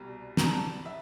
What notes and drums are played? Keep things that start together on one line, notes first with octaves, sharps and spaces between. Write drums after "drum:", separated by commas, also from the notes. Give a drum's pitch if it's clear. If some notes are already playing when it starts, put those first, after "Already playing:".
Already playing: C2 B2 G3 A#5
A#5, drum: snare
A5
E5